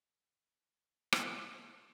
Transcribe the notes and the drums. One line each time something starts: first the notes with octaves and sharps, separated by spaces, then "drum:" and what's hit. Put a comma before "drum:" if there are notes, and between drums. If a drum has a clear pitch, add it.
C#3
C3
E3
F#3
F3
D3
drum: rim click
D#3